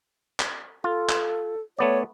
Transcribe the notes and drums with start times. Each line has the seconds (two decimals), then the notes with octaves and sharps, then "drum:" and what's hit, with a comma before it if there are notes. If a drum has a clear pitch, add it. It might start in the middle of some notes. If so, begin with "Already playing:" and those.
0.40 drum: clap
0.84 F4 A4
1.09 drum: clap
1.79 A3 B3 C#5 D5